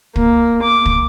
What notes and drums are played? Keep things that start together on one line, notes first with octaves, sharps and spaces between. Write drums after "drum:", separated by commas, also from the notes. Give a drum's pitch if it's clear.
A#3, drum: kick
D6
drum: kick